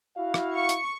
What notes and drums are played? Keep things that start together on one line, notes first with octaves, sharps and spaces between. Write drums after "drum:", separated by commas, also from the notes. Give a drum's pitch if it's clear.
E4 F#4 F5
drum: rim click
C#6
drum: hi-hat